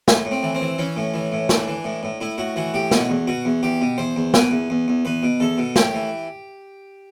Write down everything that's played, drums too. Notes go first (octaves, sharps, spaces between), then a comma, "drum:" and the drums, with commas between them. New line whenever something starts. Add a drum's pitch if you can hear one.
A2, drum: snare
A2
C4
E3
C4
E3
E3 C#4
A2
E3
A2
E3 D4, drum: snare
E3
A2
A2
A2 E4
A2 F#4
E3 F#4
A2 G4
B2 F#4, drum: snare
E2
B2 F#4
E2
E2 G4
B2
E2 C5
E2
B2 B4, drum: snare
E2
E2
E2
E2 B4
B2
E2 A4
B2
A2 G4, drum: snare
E3